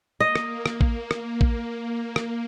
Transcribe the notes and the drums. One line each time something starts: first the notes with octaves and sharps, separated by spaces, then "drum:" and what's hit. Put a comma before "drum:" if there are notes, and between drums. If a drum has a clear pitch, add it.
A#3 D#5
drum: rim click
drum: rim click
drum: kick
drum: rim click
drum: kick
drum: rim click